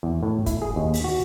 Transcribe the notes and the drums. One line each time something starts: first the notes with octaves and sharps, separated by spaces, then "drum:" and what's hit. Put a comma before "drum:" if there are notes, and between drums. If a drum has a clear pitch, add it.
E2
A2
E4, drum: kick, hi-hat
G#4
D#2
drum: open hi-hat
F#4